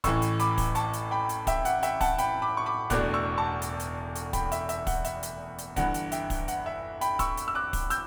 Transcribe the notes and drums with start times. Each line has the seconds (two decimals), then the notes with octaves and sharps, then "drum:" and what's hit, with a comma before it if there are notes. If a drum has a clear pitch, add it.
0.04 A1 A2 E3 C#6 E6, drum: kick, hi-hat
0.22 drum: hi-hat
0.40 B5 D6, drum: hi-hat
0.58 drum: kick, open hi-hat
0.75 A5 C#6, drum: hi-hat
0.93 drum: hi-hat
1.11 G5 B5
1.29 drum: hi-hat
1.47 E5 G5, drum: kick, hi-hat
1.65 F#5, drum: hi-hat
1.83 E5 G5, drum: hi-hat
2.01 F#5 A5, drum: kick, open hi-hat
2.18 G5 B5, drum: hi-hat
2.42 B5 D6
2.57 C#6
2.66 B5 D6
2.90 E1 E2 B2 A3 D4 D6 F#6, drum: kick, hi-hat
3.14 C#6 E6
3.38 A5 C#6
3.62 drum: hi-hat
3.80 drum: hi-hat
4.15 drum: hi-hat
4.33 G5 B5, drum: kick, hi-hat
4.52 E5, drum: hi-hat
4.69 E5, drum: hi-hat
4.87 F#5, drum: kick, open hi-hat
5.05 E5, drum: hi-hat
5.23 drum: hi-hat
5.58 drum: hi-hat
5.76 G1 G2 E3 F#5, drum: kick, hi-hat
5.94 drum: hi-hat
6.12 E5 G5, drum: hi-hat
6.30 drum: kick, open hi-hat
6.48 F#5, drum: hi-hat
6.66 E5
7.01 G5 B5, drum: hi-hat
7.19 C#6 E6, drum: kick, hi-hat
7.37 drum: hi-hat
7.48 E6
7.55 D6 F#6
7.73 drum: kick, open hi-hat
7.90 E6 G6, drum: hi-hat